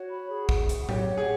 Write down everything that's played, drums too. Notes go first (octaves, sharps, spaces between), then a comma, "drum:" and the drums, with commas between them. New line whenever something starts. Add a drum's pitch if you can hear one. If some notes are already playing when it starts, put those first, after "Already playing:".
Already playing: F#4 C#5
B5
G#4
F#5, drum: kick
F#5, drum: hi-hat
G4 C#5, drum: tom A2
F#5
G#4